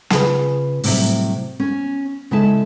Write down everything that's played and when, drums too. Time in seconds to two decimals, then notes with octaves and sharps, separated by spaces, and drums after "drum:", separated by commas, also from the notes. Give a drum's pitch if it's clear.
0.10 C#3 F4 G#4 B4, drum: snare
0.84 A2 C3 F#3 G3 E5, drum: open hi-hat
1.60 C#4
2.31 C#3 G#3 E4 A4 E5 A5